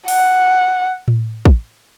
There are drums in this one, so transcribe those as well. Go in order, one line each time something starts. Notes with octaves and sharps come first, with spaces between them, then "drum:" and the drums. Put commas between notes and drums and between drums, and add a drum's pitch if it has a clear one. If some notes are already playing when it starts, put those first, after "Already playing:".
F#5, drum: open hi-hat
drum: tom A2
drum: kick